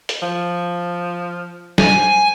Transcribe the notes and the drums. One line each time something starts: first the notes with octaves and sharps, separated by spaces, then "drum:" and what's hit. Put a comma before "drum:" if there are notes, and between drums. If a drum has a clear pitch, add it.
drum: hi-hat
F3
C5 G#5, drum: snare